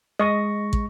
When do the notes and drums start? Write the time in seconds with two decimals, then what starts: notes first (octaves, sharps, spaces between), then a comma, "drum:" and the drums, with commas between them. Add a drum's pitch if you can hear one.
0.19 G#3 D#5 C#6 A#6
0.73 drum: kick